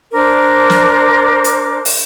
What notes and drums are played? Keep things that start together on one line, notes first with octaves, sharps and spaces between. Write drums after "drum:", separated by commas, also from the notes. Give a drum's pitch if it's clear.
D4 A#4 C5 D6
drum: snare
drum: hi-hat
drum: open hi-hat